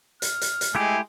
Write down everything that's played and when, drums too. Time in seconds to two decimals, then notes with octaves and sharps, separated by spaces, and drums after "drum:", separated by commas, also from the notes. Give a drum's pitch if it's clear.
0.22 F6, drum: hi-hat
0.41 drum: hi-hat
0.61 drum: hi-hat
0.75 G#3 A3 E4 G4